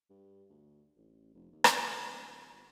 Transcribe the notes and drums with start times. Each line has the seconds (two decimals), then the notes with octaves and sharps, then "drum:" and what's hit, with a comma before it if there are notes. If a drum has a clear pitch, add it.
0.10 G2
0.49 D2
0.97 A1
1.34 F1
1.52 D#2
1.64 drum: rim click
1.76 D2
2.11 D1
2.52 G1